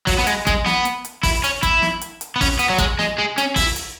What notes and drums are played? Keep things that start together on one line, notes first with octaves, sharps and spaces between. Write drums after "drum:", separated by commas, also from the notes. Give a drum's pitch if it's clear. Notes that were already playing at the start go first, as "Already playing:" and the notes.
F#3, drum: kick, open hi-hat
B3
G#3, drum: hi-hat
G#3, drum: kick, hi-hat
B3, drum: snare
drum: hi-hat
drum: hi-hat
E4, drum: kick, open hi-hat
C#4, drum: hi-hat
E4, drum: kick, hi-hat
drum: snare
drum: hi-hat
drum: hi-hat
B3
C#4, drum: kick, open hi-hat
B3, drum: hi-hat
F#3
G#3, drum: kick, hi-hat
G#3, drum: snare
G#3
C#4, drum: hi-hat
E4, drum: kick, open hi-hat
drum: hi-hat